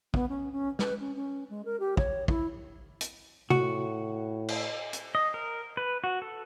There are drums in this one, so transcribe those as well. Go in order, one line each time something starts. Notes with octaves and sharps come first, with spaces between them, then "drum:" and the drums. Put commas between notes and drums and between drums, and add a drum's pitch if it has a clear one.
B3, drum: kick
C#4
C#4
B4, drum: snare
C#4
C#4
G#3
A#4
G4
C#5, drum: kick
E4, drum: kick
drum: hi-hat
A2 F#4, drum: tom C3
drum: cymbal
drum: hi-hat
D#5
A#4
B4
F#4
A4